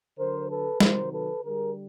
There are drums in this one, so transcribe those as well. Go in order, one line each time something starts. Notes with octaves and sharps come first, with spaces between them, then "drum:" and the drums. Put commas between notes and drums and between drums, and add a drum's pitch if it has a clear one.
D3 F#3 A#4 C5
A4 B4
C3 D#3 F#3 A#4 C5, drum: snare
A4 B4
D3 G3 G#4 A#4